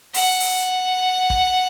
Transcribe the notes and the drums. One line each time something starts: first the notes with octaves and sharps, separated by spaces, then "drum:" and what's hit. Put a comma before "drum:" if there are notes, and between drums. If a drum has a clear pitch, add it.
F#5, drum: open hi-hat
drum: open hi-hat
drum: kick